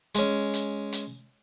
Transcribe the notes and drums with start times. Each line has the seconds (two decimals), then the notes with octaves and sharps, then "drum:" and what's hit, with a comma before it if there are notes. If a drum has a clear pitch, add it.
0.15 G#3 C#4, drum: hi-hat
0.54 drum: hi-hat
0.93 drum: hi-hat